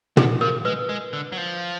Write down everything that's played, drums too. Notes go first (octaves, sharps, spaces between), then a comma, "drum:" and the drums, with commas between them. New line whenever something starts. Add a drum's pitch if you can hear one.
D#3 G#4, drum: tom
F3 A#4
G#3 B4
G#3
D3
F#3
F3